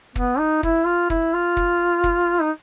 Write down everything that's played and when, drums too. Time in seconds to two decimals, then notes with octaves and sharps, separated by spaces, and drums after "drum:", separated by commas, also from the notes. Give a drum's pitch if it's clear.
0.16 B3, drum: kick
0.39 D#4
0.63 E4, drum: kick
0.86 F4
1.10 E4, drum: kick
1.34 F4
1.57 drum: kick
2.04 drum: kick
2.41 D#4